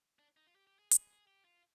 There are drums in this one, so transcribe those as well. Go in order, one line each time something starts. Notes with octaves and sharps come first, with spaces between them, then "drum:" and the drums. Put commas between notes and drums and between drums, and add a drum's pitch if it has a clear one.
D4
D#4
F4
G4
G4
G#4
G#4, drum: hi-hat
G4
F4